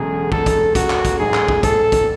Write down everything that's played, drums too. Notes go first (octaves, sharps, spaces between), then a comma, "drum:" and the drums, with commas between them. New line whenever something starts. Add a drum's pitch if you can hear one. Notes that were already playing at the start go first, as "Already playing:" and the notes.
Already playing: E1 E2 C#3 F#3 A3 G#4
A4, drum: kick
drum: kick, hi-hat
F#4, drum: kick, hi-hat
drum: clap
drum: kick, hi-hat
A1 G#2 F#3 A3 E4 G#4
drum: clap
drum: kick
A4, drum: kick, hi-hat
drum: kick, hi-hat